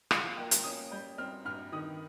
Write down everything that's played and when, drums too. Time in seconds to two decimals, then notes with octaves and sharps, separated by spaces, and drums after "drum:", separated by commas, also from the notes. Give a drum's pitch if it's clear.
0.11 F3 F5, drum: rim click
0.37 A#3 G5
0.51 drum: hi-hat
0.64 C#4 D#6
0.91 G3 G6
1.18 C4 F6
1.45 G2 F6
1.72 D#3 D#6